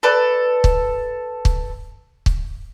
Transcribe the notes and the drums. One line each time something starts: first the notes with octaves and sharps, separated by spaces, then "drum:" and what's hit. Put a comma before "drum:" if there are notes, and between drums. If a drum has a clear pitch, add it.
A4 B4 D5
drum: kick
drum: kick
drum: kick